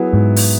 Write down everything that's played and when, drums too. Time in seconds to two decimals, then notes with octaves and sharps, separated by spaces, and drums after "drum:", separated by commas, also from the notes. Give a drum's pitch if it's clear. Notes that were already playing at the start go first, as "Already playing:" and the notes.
Already playing: F#3 B3 E4 G#4
0.14 G#2
0.36 drum: open hi-hat